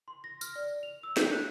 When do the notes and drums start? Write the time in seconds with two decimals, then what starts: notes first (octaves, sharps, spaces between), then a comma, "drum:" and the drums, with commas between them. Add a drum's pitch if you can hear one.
0.08 C6
0.24 A#6
0.41 F6, drum: tambourine
0.56 D5
0.83 F7
1.03 E6
1.17 G6, drum: snare
1.32 F#6